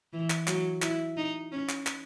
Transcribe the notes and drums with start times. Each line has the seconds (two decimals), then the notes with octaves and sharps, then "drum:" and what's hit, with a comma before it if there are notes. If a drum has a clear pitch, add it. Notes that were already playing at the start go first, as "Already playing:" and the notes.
0.13 E3
0.30 drum: clap
0.48 F#3, drum: clap
0.82 E4, drum: clap
1.17 D#4
1.52 C#4
1.69 drum: clap
1.87 drum: clap